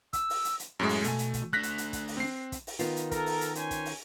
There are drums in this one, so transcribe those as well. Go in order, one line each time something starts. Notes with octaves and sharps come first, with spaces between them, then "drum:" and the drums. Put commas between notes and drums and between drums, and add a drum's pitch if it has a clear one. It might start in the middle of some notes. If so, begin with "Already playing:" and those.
E6, drum: kick, hi-hat
drum: open hi-hat
drum: hi-hat
drum: hi-hat
F#2 A2 G#3
drum: open hi-hat
B2 A3 G#5, drum: hi-hat
drum: hi-hat
drum: kick, hi-hat
A3 D4 F#6 A#6 B6
drum: hi-hat
drum: hi-hat
drum: kick, hi-hat
drum: open hi-hat
C4 C7
drum: kick, hi-hat
drum: open hi-hat
D#3 B3 F4, drum: hi-hat
drum: hi-hat
A4 A#4, drum: kick, hi-hat
drum: open hi-hat
drum: hi-hat
C#4 C5 G#5, drum: hi-hat
drum: kick, hi-hat
drum: open hi-hat